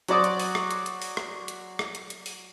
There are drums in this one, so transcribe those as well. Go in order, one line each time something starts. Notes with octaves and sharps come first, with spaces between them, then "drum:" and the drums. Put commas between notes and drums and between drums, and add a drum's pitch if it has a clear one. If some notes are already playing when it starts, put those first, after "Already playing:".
F#3 F#4 C5 D5 C#6 D#6, drum: hi-hat
drum: hi-hat
drum: open hi-hat
drum: rim click
drum: hi-hat
drum: hi-hat
drum: open hi-hat
drum: rim click
drum: hi-hat
drum: rim click
drum: hi-hat
drum: hi-hat
drum: open hi-hat